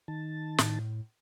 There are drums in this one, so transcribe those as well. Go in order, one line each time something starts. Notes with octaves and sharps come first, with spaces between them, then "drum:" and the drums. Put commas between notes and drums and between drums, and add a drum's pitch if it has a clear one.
D#3 A5
A2, drum: snare